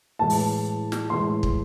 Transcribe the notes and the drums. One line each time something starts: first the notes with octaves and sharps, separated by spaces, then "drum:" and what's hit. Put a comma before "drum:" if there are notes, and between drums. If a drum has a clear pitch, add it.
A2 E3 G#3 A5
drum: open hi-hat
drum: snare
A2 E3 G#3 C6
drum: kick